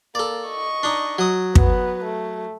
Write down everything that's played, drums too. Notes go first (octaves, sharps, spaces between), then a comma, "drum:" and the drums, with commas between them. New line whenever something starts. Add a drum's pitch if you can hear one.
A#3 A4 D5
D#5 C#6
D4 D#4
F#3 D#6
B3 B4, drum: kick
A3